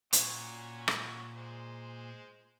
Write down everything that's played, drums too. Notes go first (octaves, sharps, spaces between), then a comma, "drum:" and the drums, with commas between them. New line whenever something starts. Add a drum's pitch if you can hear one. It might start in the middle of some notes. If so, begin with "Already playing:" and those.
A#2 C#4 F#4 C#5, drum: hi-hat
drum: rim click
G#3 C5